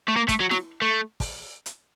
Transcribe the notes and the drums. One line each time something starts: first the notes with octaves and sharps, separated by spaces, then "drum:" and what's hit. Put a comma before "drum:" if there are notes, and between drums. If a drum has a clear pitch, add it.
A3
A#3
A3, drum: kick, hi-hat
F#3
F#3, drum: snare E4
A3
drum: kick, open hi-hat
drum: hi-hat